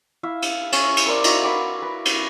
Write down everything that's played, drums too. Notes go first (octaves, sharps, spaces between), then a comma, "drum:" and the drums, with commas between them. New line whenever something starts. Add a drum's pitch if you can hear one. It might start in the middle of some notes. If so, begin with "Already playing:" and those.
E4 E5 F5
drum: cymbal
C#4, drum: cymbal
drum: cymbal
A#4 C5 D5
D#4 E4 F#4 F5, drum: cymbal
B4 B5 D6
B4
drum: cymbal